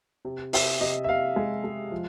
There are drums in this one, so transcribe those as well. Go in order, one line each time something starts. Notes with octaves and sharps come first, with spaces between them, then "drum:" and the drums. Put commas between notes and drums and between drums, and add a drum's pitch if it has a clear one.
C3
C3 E5, drum: open hi-hat
C3 D#5
E5
C3 F5
G#3
G#3
F3